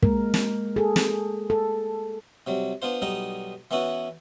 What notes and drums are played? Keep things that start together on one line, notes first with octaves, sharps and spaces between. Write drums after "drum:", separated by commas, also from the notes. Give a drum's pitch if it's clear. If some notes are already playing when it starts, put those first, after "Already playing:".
G#3 A#3 A#4, drum: kick
drum: snare
G#4 A4
drum: snare
A4
C3 F#3 G3
B3 D4 F4 C5
B1 G3 B3 D#4 A#5
E3 B3 C#4 E4 F#4